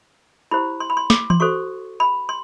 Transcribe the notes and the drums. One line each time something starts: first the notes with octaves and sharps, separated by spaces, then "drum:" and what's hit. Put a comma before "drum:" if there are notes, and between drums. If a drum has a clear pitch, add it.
E4 G4 C5 B5
C6
B5
C6
D6, drum: snare
C6, drum: tom E3
F#4 A4 C5 C#6
B5
C6